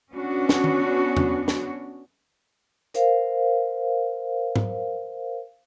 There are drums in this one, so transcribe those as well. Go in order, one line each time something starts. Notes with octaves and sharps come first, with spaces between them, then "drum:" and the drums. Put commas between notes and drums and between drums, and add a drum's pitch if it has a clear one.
B3 C#4 D4 F#4
drum: snare
drum: tom
drum: tom E2
drum: snare
A#4 C5 F5, drum: hi-hat
drum: tom G#2